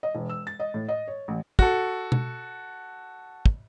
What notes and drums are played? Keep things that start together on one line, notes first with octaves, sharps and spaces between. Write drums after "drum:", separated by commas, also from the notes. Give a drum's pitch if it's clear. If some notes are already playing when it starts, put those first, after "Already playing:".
D#5
E1
E6
A6
D#5
A2
D#5
C#5
A1
F#4 A4, drum: kick
drum: tom
drum: kick